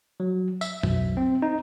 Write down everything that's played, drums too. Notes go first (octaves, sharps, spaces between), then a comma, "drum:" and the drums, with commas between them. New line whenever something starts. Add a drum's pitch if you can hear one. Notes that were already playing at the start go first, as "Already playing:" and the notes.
F#3
E5, drum: tambourine
B1, drum: tom F2
C4
D#4